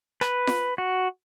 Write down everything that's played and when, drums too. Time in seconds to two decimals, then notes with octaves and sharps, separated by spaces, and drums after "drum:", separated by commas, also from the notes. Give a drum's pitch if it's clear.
0.21 B4, drum: rim click
0.47 drum: snare F4
0.78 F#4